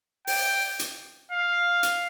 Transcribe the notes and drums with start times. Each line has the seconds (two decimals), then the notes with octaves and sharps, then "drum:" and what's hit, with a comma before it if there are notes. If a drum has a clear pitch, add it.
0.27 G5, drum: open hi-hat
0.79 drum: hi-hat
1.31 F5
1.83 drum: hi-hat